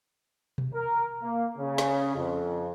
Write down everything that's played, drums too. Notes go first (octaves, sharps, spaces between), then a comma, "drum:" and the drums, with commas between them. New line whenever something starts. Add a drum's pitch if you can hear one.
drum: tom B2
A#4
A#3
C#3
drum: snare
F2